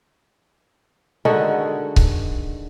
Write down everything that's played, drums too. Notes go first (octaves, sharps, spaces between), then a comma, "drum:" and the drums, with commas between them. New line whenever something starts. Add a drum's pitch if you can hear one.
D3 D#3 G#3 F#4
drum: kick C#1